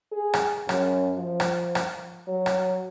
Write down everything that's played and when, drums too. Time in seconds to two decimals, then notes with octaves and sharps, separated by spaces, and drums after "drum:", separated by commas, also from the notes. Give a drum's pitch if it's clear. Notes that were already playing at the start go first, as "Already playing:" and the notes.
0.12 G#4
0.34 drum: rim click
0.69 F#2, drum: rim click
1.17 F3
1.40 drum: rim click
1.75 drum: rim click
2.28 F#3
2.46 drum: rim click